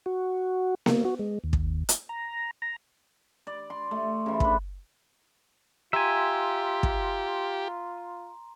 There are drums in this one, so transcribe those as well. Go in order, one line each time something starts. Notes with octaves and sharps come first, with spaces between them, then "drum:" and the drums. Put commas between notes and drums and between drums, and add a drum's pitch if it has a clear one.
F#4
A#3, drum: snare B3
F#4
G#3
D#2
drum: kick
drum: hi-hat
A#5
A#5
D5
C6
A3
C#3 E3
D4 B4, drum: kick
F4 G4 E5 G#5 A#5 C6
drum: kick